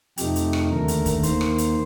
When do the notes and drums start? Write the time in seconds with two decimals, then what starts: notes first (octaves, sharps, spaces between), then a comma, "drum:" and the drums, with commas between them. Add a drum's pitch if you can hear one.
0.18 F2 C3 F3 A3 D#4 G4, drum: hi-hat
0.36 drum: hi-hat
0.53 drum: rim click
0.71 D#2 D3 A3 A#4
0.88 drum: hi-hat
1.06 drum: kick, hi-hat
1.23 D#2 D#3 A#3 C5, drum: hi-hat
1.41 drum: rim click
1.58 drum: hi-hat